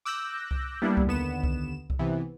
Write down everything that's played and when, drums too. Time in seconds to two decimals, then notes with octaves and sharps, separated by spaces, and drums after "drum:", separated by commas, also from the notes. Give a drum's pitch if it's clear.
0.05 D6 E6 F#6 G6 A#6
0.51 drum: kick C2
0.82 G3 A#3 B3 D4 E4
0.97 drum: kick C2
1.07 D#2 D3 B3 E7
1.43 drum: kick C2
1.90 drum: kick C2
1.99 C3 E3 B3